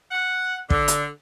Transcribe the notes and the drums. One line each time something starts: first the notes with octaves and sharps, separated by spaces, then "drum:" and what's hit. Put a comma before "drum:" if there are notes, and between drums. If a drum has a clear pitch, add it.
F#5
D3, drum: kick
drum: hi-hat